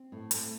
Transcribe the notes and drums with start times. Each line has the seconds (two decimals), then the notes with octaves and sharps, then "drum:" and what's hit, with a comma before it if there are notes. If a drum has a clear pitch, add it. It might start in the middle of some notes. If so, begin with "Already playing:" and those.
Already playing: C4
0.12 A2
0.31 A3, drum: hi-hat